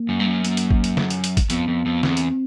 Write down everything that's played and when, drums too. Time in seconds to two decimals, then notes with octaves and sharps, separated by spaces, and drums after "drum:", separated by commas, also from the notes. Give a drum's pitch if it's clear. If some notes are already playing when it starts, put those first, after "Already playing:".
Already playing: A#3
0.09 F#2
0.20 G2
0.26 F#2
0.45 A#3, drum: hi-hat
0.57 drum: hi-hat
0.71 drum: kick
0.84 drum: hi-hat
0.97 drum: snare
1.10 drum: hi-hat
1.24 drum: hi-hat
1.37 drum: kick, hi-hat
1.50 F2 B3, drum: hi-hat
1.68 F2
1.86 F2
2.03 E2 C4, drum: snare
2.17 drum: hi-hat